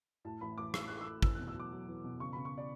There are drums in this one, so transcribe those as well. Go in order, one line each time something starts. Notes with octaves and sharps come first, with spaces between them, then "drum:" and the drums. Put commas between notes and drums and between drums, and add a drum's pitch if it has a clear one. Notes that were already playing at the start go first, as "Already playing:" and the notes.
A2 A5
A1 B5
A1 D6
A1 E6, drum: rim click
A3 F#6
E6
A3
E2 E6, drum: kick
B2 F#6
E6
F#3 D6
F#3
E2
B2
C#3 C#6
C#3 B5
C#6
D5